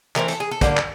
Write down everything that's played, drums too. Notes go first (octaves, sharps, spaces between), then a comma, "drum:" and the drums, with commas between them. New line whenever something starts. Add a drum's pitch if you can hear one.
E3 A3 C4 A#4, drum: clap
A4, drum: hi-hat
G#4
A4
D3 G3 A#3 D4, drum: kick, hi-hat
drum: clap